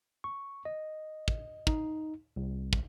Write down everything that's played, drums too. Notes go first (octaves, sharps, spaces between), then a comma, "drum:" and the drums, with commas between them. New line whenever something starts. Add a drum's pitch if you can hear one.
C#6
D#5
drum: kick
D#4, drum: kick
C2
drum: kick